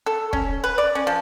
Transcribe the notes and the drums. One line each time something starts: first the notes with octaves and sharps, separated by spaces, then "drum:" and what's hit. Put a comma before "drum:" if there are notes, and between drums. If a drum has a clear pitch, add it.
A4
C#4, drum: kick
B4
D5
C#4
F3